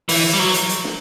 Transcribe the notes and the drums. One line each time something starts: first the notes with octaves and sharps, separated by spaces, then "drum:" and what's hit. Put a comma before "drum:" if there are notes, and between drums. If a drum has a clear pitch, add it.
E3, drum: open hi-hat
G3
F#3
drum: hi-hat
drum: hi-hat
drum: snare